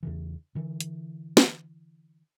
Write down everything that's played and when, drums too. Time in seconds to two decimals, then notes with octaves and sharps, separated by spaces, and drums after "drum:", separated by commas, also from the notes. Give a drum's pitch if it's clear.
0.03 E2 C#3 E3
0.55 D3 E3
0.80 drum: hi-hat
1.37 drum: snare